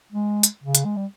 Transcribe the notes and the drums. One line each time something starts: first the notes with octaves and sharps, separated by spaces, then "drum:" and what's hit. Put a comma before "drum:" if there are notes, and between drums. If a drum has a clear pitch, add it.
G#3
drum: hi-hat
C#3
drum: hi-hat
G#3
G3